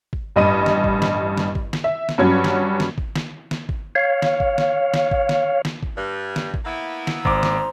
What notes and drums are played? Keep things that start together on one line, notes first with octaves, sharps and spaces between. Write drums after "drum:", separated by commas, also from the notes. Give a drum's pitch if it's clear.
drum: kick G#1
A1 G2 D#5 B5 D#7
drum: snare
drum: kick G#1
drum: snare
drum: snare
drum: kick G#1
drum: snare
E5
drum: snare
G2 F#3 C#4 B5 G#6
drum: snare
drum: snare
drum: kick G#1
drum: snare
drum: snare
drum: kick G#1
C#5 F5
drum: snare
drum: kick G#1
drum: snare
drum: snare
drum: kick G#1
drum: snare
drum: snare
drum: kick G#1
G2
drum: snare
drum: kick G#1
A#3 B3 E4
drum: snare
G#1 C5 A#5 C6 D6, drum: kick G#1
drum: snare